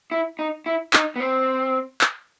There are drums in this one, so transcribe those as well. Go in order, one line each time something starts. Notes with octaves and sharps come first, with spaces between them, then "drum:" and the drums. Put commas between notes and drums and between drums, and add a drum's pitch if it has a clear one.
E4
D#4
E4
D#4, drum: clap
B3
C4
drum: clap